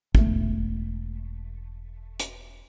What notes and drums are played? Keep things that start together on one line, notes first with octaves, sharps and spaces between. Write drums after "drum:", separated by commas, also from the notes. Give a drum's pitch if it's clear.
E1 A3, drum: kick
drum: hi-hat